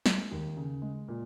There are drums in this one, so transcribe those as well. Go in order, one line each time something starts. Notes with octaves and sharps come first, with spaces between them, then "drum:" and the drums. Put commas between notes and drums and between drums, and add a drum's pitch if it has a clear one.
G#3, drum: snare
D#2
C#3
G#3
A#2